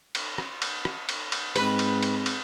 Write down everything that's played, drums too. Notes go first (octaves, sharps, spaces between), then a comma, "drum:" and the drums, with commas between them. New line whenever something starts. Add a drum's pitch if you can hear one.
drum: cymbal
drum: rim click
drum: cymbal
drum: rim click
drum: cymbal
drum: cymbal
G#2 G#3 C4 B4 B5, drum: cymbal
drum: cymbal
drum: cymbal
drum: cymbal